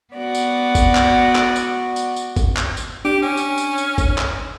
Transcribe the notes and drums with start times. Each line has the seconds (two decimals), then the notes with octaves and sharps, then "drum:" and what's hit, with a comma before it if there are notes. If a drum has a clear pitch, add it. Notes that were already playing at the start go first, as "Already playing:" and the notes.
0.14 B3 F#4 D5
0.35 drum: tambourine
0.75 drum: kick, tambourine
0.95 drum: clap
1.36 drum: clap
1.56 drum: tambourine
1.96 drum: tambourine
2.16 drum: tambourine
2.36 drum: kick, tambourine
2.57 drum: clap
2.77 drum: tambourine
3.05 D4 G4
3.22 C#4
3.37 drum: tambourine
3.58 drum: tambourine
3.78 drum: tambourine
3.98 drum: kick, tambourine
4.18 drum: clap